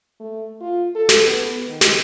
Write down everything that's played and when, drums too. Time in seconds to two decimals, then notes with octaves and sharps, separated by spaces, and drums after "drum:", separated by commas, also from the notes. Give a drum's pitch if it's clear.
0.20 A3
0.61 F4
0.95 A4
1.09 drum: snare
1.27 B3
1.68 D#3
1.81 drum: snare